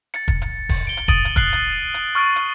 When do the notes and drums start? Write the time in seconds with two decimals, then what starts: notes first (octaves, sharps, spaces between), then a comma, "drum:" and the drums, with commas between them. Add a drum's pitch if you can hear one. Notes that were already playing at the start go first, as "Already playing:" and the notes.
0.14 A6 C#7, drum: hi-hat
0.28 drum: kick, hi-hat
0.42 drum: hi-hat
0.69 drum: kick, open hi-hat
0.87 D7 G7
0.97 drum: hi-hat
1.08 D#6 A6 D7 D#7 F#7, drum: kick, hi-hat
1.25 drum: hi-hat
1.36 F6 F#6 C7 F#7, drum: kick, hi-hat
1.53 drum: hi-hat
1.73 D#7
1.94 drum: hi-hat
2.15 C#6 F6 A6 D7 G7
2.36 drum: hi-hat